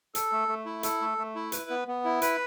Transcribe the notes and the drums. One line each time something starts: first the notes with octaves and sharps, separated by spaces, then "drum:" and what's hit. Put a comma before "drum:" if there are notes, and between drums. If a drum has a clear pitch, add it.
A4, drum: hi-hat
A3
A3
E4
A4, drum: hi-hat
A3
A3
E4
B4, drum: hi-hat
B3
B3
E4
B4, drum: hi-hat